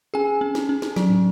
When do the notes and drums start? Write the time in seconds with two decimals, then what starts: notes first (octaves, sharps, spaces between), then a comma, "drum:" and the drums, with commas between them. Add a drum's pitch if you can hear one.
0.14 C#4 G#4 G#5
0.41 C#4
0.55 drum: snare
0.69 C#4
0.82 drum: snare
0.96 F#3, drum: snare
1.09 drum: tom